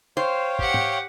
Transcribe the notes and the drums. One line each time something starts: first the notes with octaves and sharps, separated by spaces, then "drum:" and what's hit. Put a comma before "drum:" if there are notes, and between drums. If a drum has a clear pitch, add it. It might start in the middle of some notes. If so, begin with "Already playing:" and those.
C5 C#5 F5 G5
G4 F#5, drum: kick F#1
drum: tom